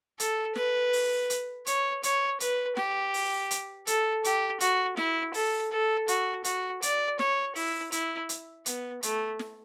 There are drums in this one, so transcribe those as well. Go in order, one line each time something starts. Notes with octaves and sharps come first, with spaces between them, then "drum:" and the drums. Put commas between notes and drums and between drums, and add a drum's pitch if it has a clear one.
A4, drum: hi-hat
B4, drum: snare
drum: open hi-hat
drum: hi-hat
C#5, drum: hi-hat
C#5, drum: hi-hat
B4, drum: hi-hat
G4, drum: snare
drum: open hi-hat
drum: hi-hat
A4, drum: hi-hat
G4, drum: hi-hat
F#4, drum: hi-hat
E4, drum: snare
A4, drum: open hi-hat
A4
F#4, drum: hi-hat
F#4, drum: hi-hat
D5, drum: hi-hat
C#5, drum: snare
E4, drum: open hi-hat
E4, drum: hi-hat
drum: hi-hat
B3, drum: hi-hat
A3, drum: hi-hat
drum: snare